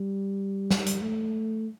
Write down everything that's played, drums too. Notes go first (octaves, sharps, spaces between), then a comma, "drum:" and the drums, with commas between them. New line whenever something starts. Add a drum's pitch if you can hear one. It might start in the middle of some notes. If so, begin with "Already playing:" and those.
Already playing: G3
drum: snare
drum: hi-hat
A3